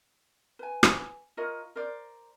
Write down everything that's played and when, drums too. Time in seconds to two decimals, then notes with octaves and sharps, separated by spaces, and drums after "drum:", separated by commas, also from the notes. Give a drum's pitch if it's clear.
0.59 B4 G#5
0.83 drum: rim click
1.37 F4 A#4 C#5 D#5
1.76 A#4 C5 D5